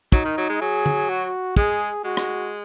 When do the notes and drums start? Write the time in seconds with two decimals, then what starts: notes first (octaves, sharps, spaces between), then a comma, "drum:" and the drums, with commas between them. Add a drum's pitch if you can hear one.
0.12 F#3 D#4, drum: kick
0.25 D#3
0.37 F#3
0.49 G#3
0.60 F#3 G#4
0.86 drum: tom
1.09 F#4
1.56 G#3 G#4, drum: kick
2.04 G#3 F#4
2.17 drum: rim click